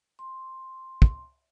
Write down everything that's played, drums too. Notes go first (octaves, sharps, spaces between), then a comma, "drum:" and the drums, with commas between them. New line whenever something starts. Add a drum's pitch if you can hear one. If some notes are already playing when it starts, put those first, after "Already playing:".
C6
drum: kick